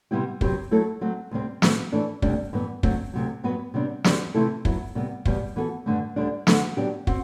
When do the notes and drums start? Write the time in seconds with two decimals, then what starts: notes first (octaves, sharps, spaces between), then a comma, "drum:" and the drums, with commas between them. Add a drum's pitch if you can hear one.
0.11 C3 G3 B3 E4 G4
0.41 C3 F#3 C4 G4 B4, drum: kick
0.71 F#3 A3 E4 A4
1.01 F#3 A3 C4
1.31 D2 C3 G3 C4
1.62 B2 A3 C4, drum: snare
1.92 E3 A3 D4 A4
2.22 D2 C3 G3 D4, drum: kick
2.53 G2 E3 B3
2.83 D3 F#3 A3 C4, drum: kick
3.13 D2 C3 F#3
3.44 G2 F#3 B3 F#4 B4
3.74 C3 G3 B3 D4
4.04 E2 D3 G3 C4, drum: snare
4.34 C3 E3 A3 E4 A4
4.65 F#3 B3 E4, drum: kick
4.95 C3 G3 B3
5.25 E2 B2 G3, drum: kick
5.56 E3 B3 F#4 A4
5.86 G2 D3 A3
6.16 D2 D3 G3 D4
6.47 D2 D3 F#3 A3, drum: snare
6.77 F#3 B3 D4 G4
7.07 C4 F#4, drum: kick